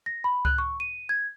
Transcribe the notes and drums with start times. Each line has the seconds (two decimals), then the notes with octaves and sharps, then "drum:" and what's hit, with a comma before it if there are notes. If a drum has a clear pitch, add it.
0.06 A#6
0.24 B5
0.45 F#6, drum: kick C#2
0.58 C#6
0.80 D#7
1.09 G#6